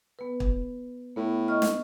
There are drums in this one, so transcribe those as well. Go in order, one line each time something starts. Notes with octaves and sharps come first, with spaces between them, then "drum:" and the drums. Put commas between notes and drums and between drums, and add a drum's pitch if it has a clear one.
B3 B4
drum: kick
A2 B3
D#5 C#6 F6
drum: snare